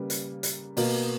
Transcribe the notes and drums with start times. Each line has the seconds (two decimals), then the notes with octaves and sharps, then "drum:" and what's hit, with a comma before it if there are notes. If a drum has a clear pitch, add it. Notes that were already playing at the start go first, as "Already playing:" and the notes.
Already playing: C#3 G3 A#3 B4
0.10 drum: hi-hat
0.43 drum: hi-hat
0.77 B2 A#3, drum: open hi-hat